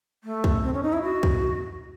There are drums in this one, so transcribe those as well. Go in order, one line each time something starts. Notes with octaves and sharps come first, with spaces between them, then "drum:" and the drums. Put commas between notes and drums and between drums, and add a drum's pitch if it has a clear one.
A3
drum: kick
C4
C#4
D#4
E4
F#4
drum: kick